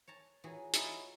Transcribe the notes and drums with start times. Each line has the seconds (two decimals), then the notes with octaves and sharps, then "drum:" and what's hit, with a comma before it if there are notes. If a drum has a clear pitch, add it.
0.07 C#5 A5 A#5
0.44 E3 F4 F#4 G#4 C#5 A#5
0.74 D#4 E4 F#4 G#4 A5, drum: hi-hat